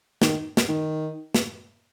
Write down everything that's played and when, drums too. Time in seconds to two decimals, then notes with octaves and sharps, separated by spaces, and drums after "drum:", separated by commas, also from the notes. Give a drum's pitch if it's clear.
0.22 D#3, drum: snare
0.57 drum: snare
0.68 D#3
1.35 drum: snare